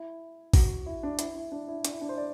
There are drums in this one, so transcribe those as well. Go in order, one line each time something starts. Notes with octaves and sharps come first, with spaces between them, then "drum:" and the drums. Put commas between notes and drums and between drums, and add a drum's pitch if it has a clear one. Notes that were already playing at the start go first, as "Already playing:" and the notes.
Already playing: E4
F#4, drum: kick A1, open hi-hat
E4
D4
E4, drum: hi-hat
E4
D4
E4
D4, drum: hi-hat
E4
D4
C5
D5